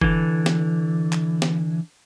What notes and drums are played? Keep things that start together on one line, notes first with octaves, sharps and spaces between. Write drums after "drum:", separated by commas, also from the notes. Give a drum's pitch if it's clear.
D3 E3, drum: kick F#1
drum: snare
drum: clap
drum: snare